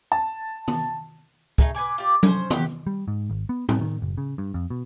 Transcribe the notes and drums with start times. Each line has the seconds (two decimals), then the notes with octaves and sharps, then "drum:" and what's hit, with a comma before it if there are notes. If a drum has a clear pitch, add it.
0.12 A5
0.68 drum: tom
1.58 A3 A#3 D#4 G#4, drum: kick
1.75 B4 C#5 G#5 D6
1.98 F4 G4 D5
2.23 C#4 C5, drum: tom F#3
2.50 B3 G4, drum: tom
2.87 G3
3.08 G#2
3.30 G#1
3.49 B3
3.69 C4, drum: tom A2
3.81 D#3
4.02 F#1
4.18 C#3
4.38 G2
4.54 F2
4.70 B2